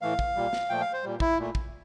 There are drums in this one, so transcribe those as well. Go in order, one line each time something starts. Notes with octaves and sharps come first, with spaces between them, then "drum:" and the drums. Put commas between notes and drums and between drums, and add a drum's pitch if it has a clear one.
A2 E3 A3 F5
drum: kick
A#2 G3
drum: snare
A#2 F3 A3 G5
F5
C5
A#2 G3
E4, drum: kick
A#2 A3
drum: kick